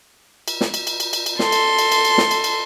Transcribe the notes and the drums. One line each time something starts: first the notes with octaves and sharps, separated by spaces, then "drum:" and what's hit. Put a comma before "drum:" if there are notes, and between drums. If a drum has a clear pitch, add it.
drum: cymbal
drum: snare
drum: cymbal
drum: cymbal
drum: cymbal
drum: cymbal
drum: cymbal
A4 C6, drum: snare
drum: cymbal
drum: cymbal
drum: cymbal
drum: cymbal
drum: snare
drum: cymbal
drum: cymbal